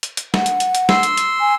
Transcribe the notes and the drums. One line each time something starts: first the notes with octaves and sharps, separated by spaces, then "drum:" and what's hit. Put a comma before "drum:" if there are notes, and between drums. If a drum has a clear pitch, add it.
drum: hi-hat
drum: hi-hat
F#5, drum: snare
drum: hi-hat
drum: hi-hat
drum: hi-hat
C6 E6, drum: snare
drum: hi-hat
drum: hi-hat
G#5